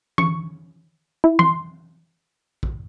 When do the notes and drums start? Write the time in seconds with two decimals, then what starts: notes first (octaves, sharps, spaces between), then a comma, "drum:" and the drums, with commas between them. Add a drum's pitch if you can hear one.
0.18 C#6, drum: tom E3
1.24 E4
1.39 C6, drum: tom E3
2.63 drum: kick